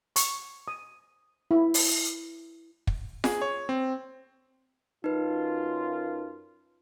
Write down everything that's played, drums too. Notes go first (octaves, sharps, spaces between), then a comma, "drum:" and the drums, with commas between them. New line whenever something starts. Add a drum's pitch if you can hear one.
C#6, drum: hi-hat
D#6
E4
drum: open hi-hat
drum: kick
G#4, drum: snare F4
C#5
C4
F#2 D#4 F4 B4